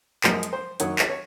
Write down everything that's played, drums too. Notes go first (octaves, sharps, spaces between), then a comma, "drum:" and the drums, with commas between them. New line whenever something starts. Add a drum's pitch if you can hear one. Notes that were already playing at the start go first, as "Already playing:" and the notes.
F#2 F3 G#3 A#4, drum: clap
drum: hi-hat
C5
F#2 D#3 F#3 C#5, drum: hi-hat
drum: clap
C#5